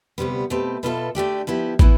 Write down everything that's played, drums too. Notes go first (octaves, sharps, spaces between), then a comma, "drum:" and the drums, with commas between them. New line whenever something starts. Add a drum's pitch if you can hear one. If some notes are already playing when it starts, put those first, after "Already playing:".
D2 C3 G3 B3
B2 A3 C4 G4 B4
B2 B3 F4 A4 E5
D3 A3 D4 G4 D5
F3 B3 E4 G4
E3 B3 E4, drum: kick